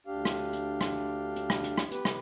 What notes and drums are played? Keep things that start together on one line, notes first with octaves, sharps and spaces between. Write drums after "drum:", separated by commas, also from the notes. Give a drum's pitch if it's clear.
D2 D4 G4 F5
drum: rim click
drum: hi-hat
drum: rim click
drum: hi-hat
drum: rim click
drum: hi-hat
drum: rim click
B3 G4 B4, drum: hi-hat
drum: rim click